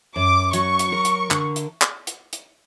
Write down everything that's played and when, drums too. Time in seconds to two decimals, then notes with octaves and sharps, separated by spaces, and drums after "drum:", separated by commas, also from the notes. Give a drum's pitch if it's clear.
0.16 F#2 D6
0.53 F#3 C#6, drum: hi-hat
0.79 drum: hi-hat
0.92 A#4
1.05 drum: hi-hat
1.31 D3, drum: clap
1.56 drum: hi-hat
1.82 drum: clap
2.07 drum: hi-hat
2.33 drum: hi-hat